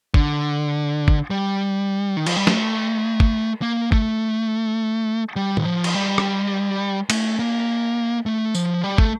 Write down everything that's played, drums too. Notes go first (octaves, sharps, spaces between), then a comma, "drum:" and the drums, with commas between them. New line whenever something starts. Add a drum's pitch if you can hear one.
D3, drum: kick
drum: kick
G3
D#3
F3, drum: cymbal
G3
A3, drum: snare
drum: kick
A#3
A3, drum: kick
G3
D#3, drum: tom A2
F3
drum: cymbal
G3
drum: rim click
A3, drum: cymbal
A#3
A3
F3, drum: tambourine
G3
A3, drum: kick